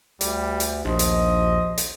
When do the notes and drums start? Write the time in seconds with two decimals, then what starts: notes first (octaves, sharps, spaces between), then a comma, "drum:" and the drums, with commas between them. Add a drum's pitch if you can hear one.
0.21 D2 G3, drum: hi-hat
0.60 drum: hi-hat
0.85 A#1 D#2 F3 D#5
0.99 drum: hi-hat
1.78 drum: hi-hat